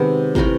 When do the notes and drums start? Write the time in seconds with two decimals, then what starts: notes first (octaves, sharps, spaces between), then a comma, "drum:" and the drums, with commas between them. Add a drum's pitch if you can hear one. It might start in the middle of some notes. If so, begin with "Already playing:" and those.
Already playing: C3 D#3 G#3 B3
0.35 C3 E3 A3 A#4, drum: kick